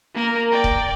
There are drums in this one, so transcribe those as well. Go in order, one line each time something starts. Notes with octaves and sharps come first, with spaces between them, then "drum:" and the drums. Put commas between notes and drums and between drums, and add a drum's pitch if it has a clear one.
A#3 A#4
D5 G5
drum: kick C#1